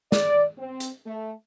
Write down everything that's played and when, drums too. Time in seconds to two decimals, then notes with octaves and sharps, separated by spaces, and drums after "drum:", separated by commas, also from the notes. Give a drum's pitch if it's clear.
0.12 D5, drum: snare
0.58 C4
0.80 drum: hi-hat
1.05 A3